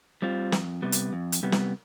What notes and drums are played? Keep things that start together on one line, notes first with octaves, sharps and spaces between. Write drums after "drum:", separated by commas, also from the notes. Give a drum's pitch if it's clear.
G3 C4 F4
F2, drum: snare
C3 G3 B3
drum: hi-hat
F2
drum: hi-hat
C3 G3 B3
drum: snare